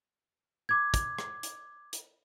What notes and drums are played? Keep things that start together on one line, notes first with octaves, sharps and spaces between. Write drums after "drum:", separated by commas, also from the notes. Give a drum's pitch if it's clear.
D6 G#6
drum: kick, hi-hat
drum: rim click
drum: hi-hat
drum: hi-hat